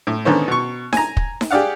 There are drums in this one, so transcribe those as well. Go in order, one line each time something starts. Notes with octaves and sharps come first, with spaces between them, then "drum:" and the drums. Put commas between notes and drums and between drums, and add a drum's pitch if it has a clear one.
A2
D3 D#3 B3 C#4 C5
B2 C#6
G#5 A#5, drum: snare D#4
drum: kick
drum: snare D#4
G4 G#4 D5 F5 F#5